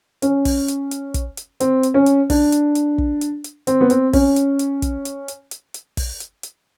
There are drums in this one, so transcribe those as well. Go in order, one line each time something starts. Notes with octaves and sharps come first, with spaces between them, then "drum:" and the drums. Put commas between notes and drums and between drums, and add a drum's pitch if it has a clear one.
C#4, drum: hi-hat
drum: kick, open hi-hat
drum: hi-hat
drum: hi-hat
drum: kick, hi-hat
drum: hi-hat
C4, drum: hi-hat
drum: hi-hat
C#4
drum: hi-hat
D4, drum: kick, open hi-hat
drum: hi-hat
drum: hi-hat
drum: kick
drum: hi-hat
drum: hi-hat
C4, drum: hi-hat
B3
C4, drum: hi-hat
C#4, drum: kick, open hi-hat
drum: hi-hat
drum: hi-hat
drum: kick, hi-hat
drum: hi-hat
drum: hi-hat
drum: hi-hat
drum: hi-hat
drum: kick, open hi-hat
drum: hi-hat
drum: hi-hat